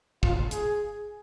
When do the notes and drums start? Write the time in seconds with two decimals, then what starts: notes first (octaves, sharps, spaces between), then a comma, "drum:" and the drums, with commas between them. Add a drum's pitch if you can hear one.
0.23 F4, drum: kick
0.51 G#4, drum: hi-hat